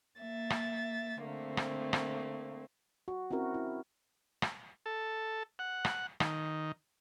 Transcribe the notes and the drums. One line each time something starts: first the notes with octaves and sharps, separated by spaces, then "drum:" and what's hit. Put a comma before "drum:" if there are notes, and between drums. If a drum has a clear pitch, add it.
A#3 E5 A6
drum: rim click
D3 A3 A#3 C4
drum: rim click
drum: rim click
F#4
C4 C#4 E4 F#4 A#4
E4
drum: rim click
A4
F#5
drum: rim click
D#3, drum: rim click